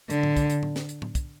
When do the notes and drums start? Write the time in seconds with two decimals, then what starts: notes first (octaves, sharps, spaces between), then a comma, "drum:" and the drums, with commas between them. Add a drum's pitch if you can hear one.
0.10 D3, drum: hi-hat
0.23 drum: tom A2
0.37 drum: kick, hi-hat
0.50 drum: hi-hat
0.63 drum: tom A2
0.76 drum: snare
0.89 drum: hi-hat
1.02 drum: tom A2
1.15 drum: kick, hi-hat